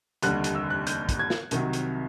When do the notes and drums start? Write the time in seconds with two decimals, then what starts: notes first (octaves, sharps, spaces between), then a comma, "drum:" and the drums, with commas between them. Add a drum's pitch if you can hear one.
0.22 F1 D#2 D3 G3 F#6, drum: hi-hat
0.44 drum: hi-hat
0.55 E6
0.70 F#6
0.87 G6, drum: hi-hat
1.09 drum: kick, hi-hat
1.19 G#6
1.30 drum: snare
1.51 C2 C3 D#3 F#3, drum: hi-hat
1.73 drum: hi-hat